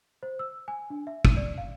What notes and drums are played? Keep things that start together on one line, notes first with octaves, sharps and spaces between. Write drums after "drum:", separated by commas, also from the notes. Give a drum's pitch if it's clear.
C5
E6
G#5
D4
E5
D#7, drum: kick
D5
F5